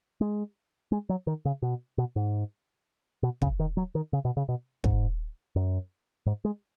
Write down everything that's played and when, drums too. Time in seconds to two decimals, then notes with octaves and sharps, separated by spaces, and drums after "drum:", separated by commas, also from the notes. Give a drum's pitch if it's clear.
0.21 G#3
0.92 G#3
1.09 F#3
1.27 D#3
1.45 C#3
1.62 B2
1.98 B2
2.16 G#2
3.23 B2
3.42 C#3, drum: kick
3.59 D#3
3.77 F#3
3.95 D#3
4.13 C#3
4.25 B2
4.37 C#3
4.49 B2
4.84 G#2, drum: kick
5.56 F#2
6.26 G#2
6.45 G#3